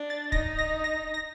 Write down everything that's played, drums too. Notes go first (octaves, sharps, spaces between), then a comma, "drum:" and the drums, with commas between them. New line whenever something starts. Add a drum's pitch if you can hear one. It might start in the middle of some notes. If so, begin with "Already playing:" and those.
Already playing: D4
A6
D#4 A#6, drum: kick
A#6
A#6
A#6